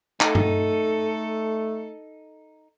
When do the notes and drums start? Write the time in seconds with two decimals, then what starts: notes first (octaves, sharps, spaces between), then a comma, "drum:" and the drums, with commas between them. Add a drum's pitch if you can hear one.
0.21 A3 D#4 A4, drum: clap
0.35 drum: tom G2